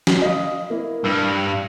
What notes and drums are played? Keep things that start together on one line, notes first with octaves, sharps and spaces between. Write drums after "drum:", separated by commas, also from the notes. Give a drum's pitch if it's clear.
drum: snare
D#5 F5 D#6
A#3 E4
G2 E6